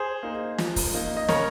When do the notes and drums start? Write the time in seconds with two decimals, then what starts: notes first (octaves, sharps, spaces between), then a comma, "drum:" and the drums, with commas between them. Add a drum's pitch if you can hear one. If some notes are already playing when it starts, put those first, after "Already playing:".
Already playing: G#4 C5
0.23 A#3 D#4
0.58 F3, drum: snare
0.76 drum: kick, open hi-hat
0.94 A#3 D#4
1.17 D#5
1.28 C#3 A#4 C#5, drum: snare